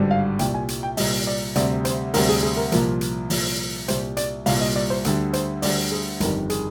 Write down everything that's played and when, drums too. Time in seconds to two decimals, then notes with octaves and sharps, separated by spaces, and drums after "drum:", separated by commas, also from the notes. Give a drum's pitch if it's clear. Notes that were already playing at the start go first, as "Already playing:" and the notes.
Already playing: G#1 G2 D3 G3
0.11 F5
0.39 C2 A#2 G3 G5, drum: hi-hat
0.54 G#5
0.68 drum: hi-hat
0.83 G5
0.97 C2 A#2 G3 D#5, drum: open hi-hat
1.27 D5
1.56 D2 C3 G3 D5, drum: hi-hat
1.85 C5, drum: hi-hat
2.14 D2 C3 G3 A#4, drum: open hi-hat
2.29 G#4
2.43 G#4
2.57 A#4
2.72 C2 A#2 F3 A#4, drum: hi-hat
3.01 drum: hi-hat
3.30 C2 A#2 F3, drum: open hi-hat
3.88 C2 A#2 G3 C5, drum: hi-hat
4.17 D5, drum: hi-hat
4.46 C2 A#2 G3 F5, drum: open hi-hat
4.61 D#5
4.76 D5
4.90 C5
5.05 D2 D3 G3, drum: hi-hat
5.33 C5, drum: hi-hat
5.62 D2 D3 G3 D5, drum: open hi-hat
5.92 G#4
6.20 G1 F2 D#3 G3 A#4, drum: hi-hat
6.50 G#4, drum: hi-hat